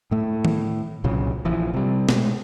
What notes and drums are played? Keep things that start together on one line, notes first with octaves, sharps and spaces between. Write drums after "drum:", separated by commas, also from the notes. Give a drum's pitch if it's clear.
A2 A3
drum: tom D#3
C2 A#2 C#3 F#3
A#1 E3 F3
C3 G3
B2 G#3 A3, drum: snare